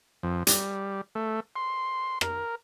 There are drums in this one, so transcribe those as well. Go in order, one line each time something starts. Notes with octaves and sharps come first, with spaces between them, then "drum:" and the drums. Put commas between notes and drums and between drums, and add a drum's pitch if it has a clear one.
F2
G3, drum: hi-hat
A3
C6
A#4, drum: rim click